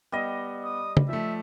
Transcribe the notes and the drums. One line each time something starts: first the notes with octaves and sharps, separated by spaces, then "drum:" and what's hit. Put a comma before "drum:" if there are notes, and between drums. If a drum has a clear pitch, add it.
G3 B3 D#5
D#6
drum: tom
F3 A3 E5